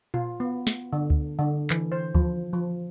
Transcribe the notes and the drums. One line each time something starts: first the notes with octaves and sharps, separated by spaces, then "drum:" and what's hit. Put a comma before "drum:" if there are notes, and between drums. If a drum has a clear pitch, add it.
F4, drum: tom A#2
B3
drum: snare
D3
drum: kick D2
D3
E3, drum: clap
C5
F3, drum: kick D2
F3